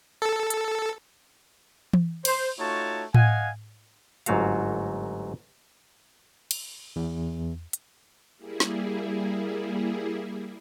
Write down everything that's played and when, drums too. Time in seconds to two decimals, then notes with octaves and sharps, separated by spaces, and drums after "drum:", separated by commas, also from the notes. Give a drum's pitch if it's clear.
0.22 A4
0.50 drum: hi-hat
1.93 drum: tom E3
2.25 C5, drum: cymbal
2.59 A3 D#4 F4 F#4 C#5 A5
3.14 D#5 F5 F#5 G#5, drum: tom A2
4.26 G1 G#2 F#3 A3 F#4 F5, drum: hi-hat
6.51 drum: cymbal
6.96 E2
7.73 drum: hi-hat
8.37 G3 A#3 E4 G#4
8.60 drum: snare